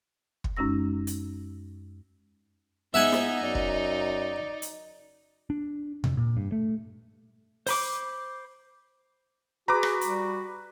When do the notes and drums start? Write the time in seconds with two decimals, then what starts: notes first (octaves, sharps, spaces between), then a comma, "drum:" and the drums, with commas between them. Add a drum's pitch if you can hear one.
0.44 drum: kick
0.57 F#2 G#3 C#4 D#4 E6 A#6
1.07 drum: hi-hat
2.94 G#2 B3 D#4 E5 F#5 G#5
3.12 drum: snare
3.43 F#2 D5
3.55 drum: kick
4.62 drum: hi-hat
5.50 D4
6.04 C3, drum: tom E2
6.17 A#2
6.37 G2
6.52 A3
7.67 C5 B5 D6, drum: open hi-hat
9.68 F#4 G#4 B4 A#5 D6
9.83 drum: rim click
10.01 G3, drum: hi-hat